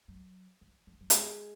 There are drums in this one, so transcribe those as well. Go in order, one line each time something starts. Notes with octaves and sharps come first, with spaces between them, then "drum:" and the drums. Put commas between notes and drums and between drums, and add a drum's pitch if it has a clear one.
F#3
F3
F3
F#3
A3, drum: hi-hat
G#3